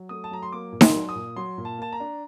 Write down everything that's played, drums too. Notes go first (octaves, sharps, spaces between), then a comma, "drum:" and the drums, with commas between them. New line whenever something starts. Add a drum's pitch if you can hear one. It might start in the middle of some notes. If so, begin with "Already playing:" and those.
Already playing: F#3
A3 D#6
A5
F#3 A#5
C6
A#3 D6
A#2
C6, drum: snare D#4
F#3
D#6
A#2
F#3 C6
A#2
A5
A#3 A5
A#5
D4